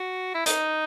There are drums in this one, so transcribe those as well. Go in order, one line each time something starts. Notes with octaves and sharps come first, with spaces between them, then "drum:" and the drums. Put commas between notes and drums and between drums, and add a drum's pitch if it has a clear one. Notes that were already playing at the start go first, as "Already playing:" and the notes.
Already playing: F#4
E4
D#4, drum: hi-hat